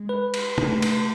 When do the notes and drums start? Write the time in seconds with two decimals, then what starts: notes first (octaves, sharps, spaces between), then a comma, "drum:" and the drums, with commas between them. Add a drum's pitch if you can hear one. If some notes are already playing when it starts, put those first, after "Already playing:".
Already playing: G#3
0.09 B4
0.34 drum: cymbal
0.58 A3, drum: tom
0.82 drum: cymbal